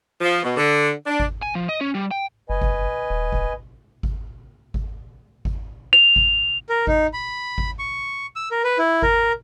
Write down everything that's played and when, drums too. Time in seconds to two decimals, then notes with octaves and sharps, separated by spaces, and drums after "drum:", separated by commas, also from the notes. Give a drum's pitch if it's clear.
0.21 F3
0.43 B2
0.56 D3
1.06 D4
1.20 drum: kick G#1
1.42 G#5
1.55 F3
1.69 D#5
1.81 C#4
1.95 G3
2.11 G5
2.50 F#1 B4 D#5 G#5
2.62 drum: kick G#1
3.10 D#1
3.32 drum: kick G#1
4.03 drum: kick G#1
4.74 drum: kick G#1
5.45 drum: kick G#1
5.93 F7
6.16 drum: kick G#1
6.69 A#4
6.87 D#4, drum: kick G#1
7.13 B5
7.58 drum: kick G#1
7.79 C#6
8.36 E6
8.51 A#4
8.64 B4
8.79 E4
9.02 A#4, drum: kick G#1